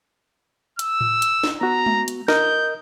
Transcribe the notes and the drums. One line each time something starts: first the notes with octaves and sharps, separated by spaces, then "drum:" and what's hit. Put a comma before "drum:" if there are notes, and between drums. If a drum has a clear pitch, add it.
E6, drum: hi-hat
drum: tom A2
drum: hi-hat
drum: snare
B3 F#4 A#5
drum: tom G#3
drum: hi-hat
A#4 D#5 D#6 G6, drum: snare